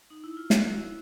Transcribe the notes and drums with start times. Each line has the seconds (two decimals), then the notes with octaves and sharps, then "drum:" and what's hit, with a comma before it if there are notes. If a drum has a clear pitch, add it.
0.10 D#4
0.24 E4
0.37 F4
0.50 F#4, drum: snare
0.72 E4